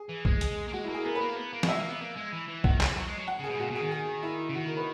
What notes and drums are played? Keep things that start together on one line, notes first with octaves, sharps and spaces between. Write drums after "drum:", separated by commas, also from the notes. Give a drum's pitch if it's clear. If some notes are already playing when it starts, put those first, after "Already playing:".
Already playing: G#4
E3
G#3, drum: kick B1
G#4, drum: hi-hat
A#3
G#3 F#4
E4
A#3
G#4
B3 A#4
B4
A#3
B3
A#3
F#3, drum: snare
G#3 E5
A#3
B3
A#3
G#3
E3
E3
D#3 F#5, drum: kick B1
E3, drum: clap
F#3
G#3
F#3
F#5
C#3
G#4
B2
G#2
A#2 F#4
B2
D#3 G#4
G#4
E4
C#3
D#3 F#4
A#4
B4